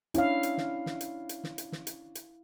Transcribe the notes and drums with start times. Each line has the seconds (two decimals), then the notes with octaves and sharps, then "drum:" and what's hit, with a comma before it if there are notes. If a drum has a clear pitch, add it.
0.14 C#4 D4 E4 C#5 F5, drum: hi-hat
0.43 drum: hi-hat
0.57 drum: snare
0.86 drum: snare
1.01 drum: hi-hat
1.29 drum: hi-hat
1.44 drum: snare
1.58 drum: hi-hat
1.72 drum: snare
1.87 drum: hi-hat
2.15 drum: hi-hat